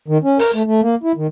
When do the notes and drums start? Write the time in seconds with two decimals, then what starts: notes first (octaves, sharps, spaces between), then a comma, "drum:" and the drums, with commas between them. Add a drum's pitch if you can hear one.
0.08 D#3
0.24 C#4
0.39 A#4, drum: open hi-hat
0.54 A3
0.66 A3
0.81 A#3
1.03 E4
1.17 D#3